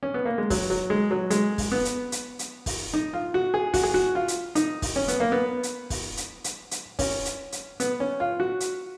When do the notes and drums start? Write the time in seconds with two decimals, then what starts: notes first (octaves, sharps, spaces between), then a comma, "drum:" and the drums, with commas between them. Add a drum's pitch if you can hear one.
0.03 C#4
0.14 B3
0.25 A#3
0.38 G#3
0.50 F#3, drum: kick, open hi-hat
0.70 F#3
0.90 G#3
1.11 F#3
1.30 G#3, drum: hi-hat
1.58 drum: kick, open hi-hat
1.72 B3
1.85 drum: hi-hat
2.12 drum: hi-hat
2.39 drum: hi-hat
2.66 drum: kick, open hi-hat
2.93 D#4
3.14 F4
3.34 F#4
3.54 G#4
3.74 F#4, drum: kick, open hi-hat
3.83 G#4
3.94 F#4
4.15 F4
4.28 drum: hi-hat
4.55 D#4, drum: hi-hat
4.82 drum: kick, open hi-hat
4.96 C#4
5.08 B3, drum: hi-hat
5.20 A#3
5.32 B3
5.63 drum: hi-hat
5.90 drum: kick, open hi-hat
6.17 drum: hi-hat
6.44 drum: hi-hat
6.71 drum: hi-hat
6.99 C#4, drum: kick, open hi-hat
7.25 drum: hi-hat
7.52 drum: hi-hat
7.80 B3, drum: hi-hat
8.00 C#4
8.20 F4
8.40 F#4
8.60 drum: hi-hat